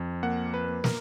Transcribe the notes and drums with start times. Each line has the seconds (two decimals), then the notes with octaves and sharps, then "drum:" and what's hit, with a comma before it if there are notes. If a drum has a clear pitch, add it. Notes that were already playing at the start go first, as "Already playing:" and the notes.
Already playing: F2
0.23 A#3 F#5
0.54 B4
0.69 A#3
0.84 A#4, drum: snare